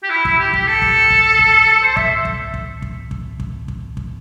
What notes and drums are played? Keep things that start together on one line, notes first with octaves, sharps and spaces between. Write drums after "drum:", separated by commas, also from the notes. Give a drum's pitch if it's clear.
G4
E4
E4, drum: kick
G4
G4, drum: kick
A4
drum: kick
drum: kick
drum: kick
A4
C5
E5, drum: kick
drum: kick
drum: kick
drum: kick
drum: kick
drum: kick
drum: kick
drum: kick